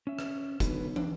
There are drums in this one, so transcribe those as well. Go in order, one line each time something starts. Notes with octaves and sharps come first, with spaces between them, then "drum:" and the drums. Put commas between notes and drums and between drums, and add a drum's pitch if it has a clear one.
C#4 E5
drum: rim click
B1 D3 B4, drum: kick F#1, hi-hat
D4, drum: tom